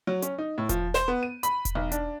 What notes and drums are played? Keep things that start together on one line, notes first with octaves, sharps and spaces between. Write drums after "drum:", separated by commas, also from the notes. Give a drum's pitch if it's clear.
F#3
C#4, drum: hi-hat
D#4
A2
F3, drum: kick E1, hi-hat
C5, drum: snare
B3
D#7
B5, drum: hi-hat
drum: kick E1, hi-hat
B1
D4, drum: hi-hat